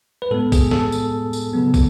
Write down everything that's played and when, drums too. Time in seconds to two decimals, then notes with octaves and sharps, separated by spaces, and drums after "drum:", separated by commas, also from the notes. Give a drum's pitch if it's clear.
0.22 B4
0.31 A2 G#3 B3 A4
0.52 G#4, drum: kick, tambourine
0.71 A4, drum: snare
0.92 drum: tambourine
1.33 drum: tambourine
1.53 C#3 F#3 B3
1.74 drum: kick, tambourine